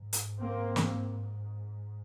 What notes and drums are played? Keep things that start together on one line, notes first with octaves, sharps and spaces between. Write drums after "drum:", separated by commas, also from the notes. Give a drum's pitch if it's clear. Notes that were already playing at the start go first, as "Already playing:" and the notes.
Already playing: G#2
drum: hi-hat
A#3 C4
drum: snare